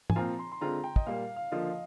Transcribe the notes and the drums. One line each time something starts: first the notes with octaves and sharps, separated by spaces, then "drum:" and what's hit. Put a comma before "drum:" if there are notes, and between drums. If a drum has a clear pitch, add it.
G#5, drum: tom
A#2 F3 C4 F4 A#5
C6
C6
D3 G#3 C4 F4 A#5
G5
D#5, drum: kick
A#2 G3 A#3 F5
F5
D3 F3 A#3 F4 D#5